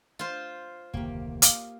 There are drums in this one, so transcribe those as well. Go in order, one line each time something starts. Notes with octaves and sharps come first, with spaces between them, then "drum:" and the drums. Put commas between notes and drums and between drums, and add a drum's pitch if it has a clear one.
F4 C5
F1 D2 D#3 A#3 G4
F5 D6 D#6, drum: hi-hat